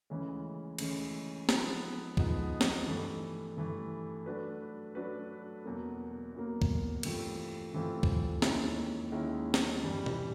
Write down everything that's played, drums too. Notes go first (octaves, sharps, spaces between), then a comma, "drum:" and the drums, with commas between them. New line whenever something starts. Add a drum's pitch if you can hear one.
D2 C#3 E3 G#3 C#4
D2 C#3 E3 G#3 C#4, drum: cymbal
F3 G#3 B3 D#4, drum: snare
F3 G#3 B3 D#4, drum: kick
drum: snare
G2 E3 A3
G2 E3 A3
F#3 A3 D4 F#4 B4
F#3 A3 D4 F#4 B4
E2 B2 F#3 A#3
E2 B2 F#3 A#3
drum: kick
G2 E3 A3 C4 F4, drum: cymbal
G2 E3 A3 C4 F4
drum: kick
D#2 D#3 G#3 C#4 E4, drum: snare
D#2 D#3 G#3 C#4 E4
drum: snare
G2 E3 G3
drum: tom A#2